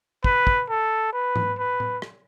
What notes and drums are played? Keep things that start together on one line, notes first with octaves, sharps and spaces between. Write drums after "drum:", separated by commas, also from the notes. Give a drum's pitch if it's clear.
B4, drum: kick
drum: kick
A4
B4
drum: tom G#2
B4
drum: tom A2
drum: rim click